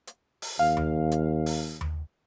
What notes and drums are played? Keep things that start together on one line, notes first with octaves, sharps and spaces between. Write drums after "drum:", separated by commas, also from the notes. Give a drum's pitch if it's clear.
drum: hi-hat
drum: open hi-hat
D#2 F5
drum: tom D#2
drum: hi-hat
drum: open hi-hat
drum: tom D#2